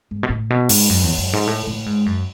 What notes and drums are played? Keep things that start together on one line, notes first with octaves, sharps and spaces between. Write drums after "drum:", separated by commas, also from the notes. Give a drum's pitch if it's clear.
G#2
B2
A2
B2
G#2, drum: open hi-hat
F#2
E2
F#2
G#2
A2
A2
G#2
F#2